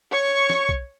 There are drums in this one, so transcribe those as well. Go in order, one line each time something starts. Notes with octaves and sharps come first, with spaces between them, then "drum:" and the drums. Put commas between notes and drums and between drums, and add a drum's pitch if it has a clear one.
C#5 C#6
drum: snare
drum: kick B1